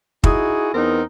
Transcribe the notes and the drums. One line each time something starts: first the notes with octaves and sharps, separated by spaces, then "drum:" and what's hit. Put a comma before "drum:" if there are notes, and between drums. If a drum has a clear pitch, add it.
D#4 E4 F#4 G#4, drum: kick
E2 B3 C4 D#4 A#4